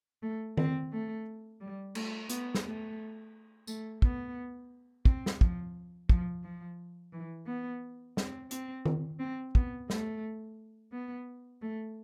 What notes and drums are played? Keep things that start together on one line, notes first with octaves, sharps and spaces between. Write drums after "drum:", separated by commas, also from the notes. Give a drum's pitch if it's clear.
A3
C4, drum: tom D#3
A3
G3
A3, drum: cymbal
B3, drum: hi-hat
drum: snare
A3
A3, drum: tambourine
B3, drum: kick
C4, drum: kick
drum: snare
F3, drum: kick
F3, drum: kick
F3
E3
B3
C4, drum: snare
C4, drum: hi-hat
drum: tom D#3
C4
B3, drum: kick
A3, drum: snare
B3
A3